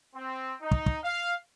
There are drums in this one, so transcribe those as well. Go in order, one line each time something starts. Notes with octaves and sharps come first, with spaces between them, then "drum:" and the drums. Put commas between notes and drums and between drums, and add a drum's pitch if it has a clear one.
C4
D#4
drum: kick
drum: kick
F5